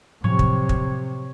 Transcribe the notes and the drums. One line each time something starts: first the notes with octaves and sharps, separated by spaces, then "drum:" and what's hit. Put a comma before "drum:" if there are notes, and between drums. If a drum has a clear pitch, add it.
A2 C3 F3 F#3 C#5
drum: kick
drum: kick